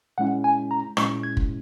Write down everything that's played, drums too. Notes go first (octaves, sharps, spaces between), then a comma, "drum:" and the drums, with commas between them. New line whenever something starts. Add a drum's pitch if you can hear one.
A#2 G#3 C#4 E4 F#5
G#5
A#5
A#2 G#3 C#4 E4 C#6, drum: rim click
G#6
drum: kick